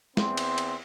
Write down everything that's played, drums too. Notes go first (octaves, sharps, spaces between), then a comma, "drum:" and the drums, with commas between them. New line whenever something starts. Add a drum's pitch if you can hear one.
E2 C4 C6, drum: snare
drum: cymbal
drum: cymbal